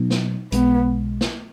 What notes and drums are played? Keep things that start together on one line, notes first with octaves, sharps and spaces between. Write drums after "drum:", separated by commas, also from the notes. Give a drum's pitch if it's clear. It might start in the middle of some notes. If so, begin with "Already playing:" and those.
Already playing: B2 F#3 B3 D#4
drum: snare
B1 B2 G#3 B3, drum: hi-hat
drum: snare